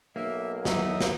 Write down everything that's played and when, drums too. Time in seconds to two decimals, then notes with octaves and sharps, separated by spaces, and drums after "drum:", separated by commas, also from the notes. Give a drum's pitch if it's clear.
0.16 B1 A#3 E5
0.65 F#3 D#4 E5 D#6, drum: snare
1.01 drum: snare